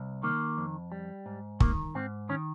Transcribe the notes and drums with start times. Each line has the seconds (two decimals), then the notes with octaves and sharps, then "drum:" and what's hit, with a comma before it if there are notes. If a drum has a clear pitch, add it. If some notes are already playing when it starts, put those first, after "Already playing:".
Already playing: C2
0.23 D#3 A#3
0.58 F2
0.92 G3
1.26 G#2
1.60 D#3 A#3, drum: kick
1.95 G#2 C4
2.29 D#3 C#4